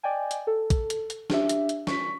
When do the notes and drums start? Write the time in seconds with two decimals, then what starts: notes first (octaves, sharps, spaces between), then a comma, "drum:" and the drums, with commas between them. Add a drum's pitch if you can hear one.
0.03 D5 D#5 G5 G#5
0.31 drum: hi-hat
0.47 A4
0.70 drum: kick, hi-hat
0.90 drum: hi-hat
1.10 drum: hi-hat
1.30 D4 G4 E5, drum: snare
1.49 drum: hi-hat
1.69 drum: hi-hat
1.87 C#6 B6, drum: snare